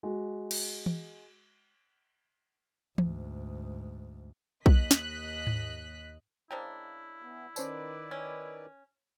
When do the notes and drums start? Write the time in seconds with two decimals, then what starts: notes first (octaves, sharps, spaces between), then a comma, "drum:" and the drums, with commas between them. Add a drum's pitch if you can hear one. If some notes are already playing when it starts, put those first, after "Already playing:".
0.03 G#3 F#4
0.51 drum: cymbal
0.86 drum: tom E3
2.98 D2 G#2, drum: tom E3
4.66 D#2 D#5 F#6 B6, drum: kick B1
4.91 drum: snare
5.47 drum: tom G#2
6.51 C#3 A#3 D4 E4 C5 D#5 G5
7.22 E3 B3
7.56 D#3 C#4 B4 C5 D5 A5, drum: tambourine
8.11 C#4 G#6